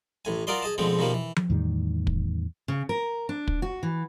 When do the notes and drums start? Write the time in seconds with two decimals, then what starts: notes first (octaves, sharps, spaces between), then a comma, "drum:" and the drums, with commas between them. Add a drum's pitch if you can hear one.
0.25 A1 A2 G#5
0.47 F4 F#4 A#4 D5 D#5 C6
0.62 G#4 D#5 A5
0.78 B2 D3 F3 G#3 C4
0.99 B2 D#3 F3 G3 A#3
1.14 E3
1.36 drum: tom F3
1.50 E2 A2 D#3 G3
2.07 drum: kick
2.68 C#3
2.89 A#4
3.29 D4
3.47 drum: kick
3.62 F#4
3.83 E3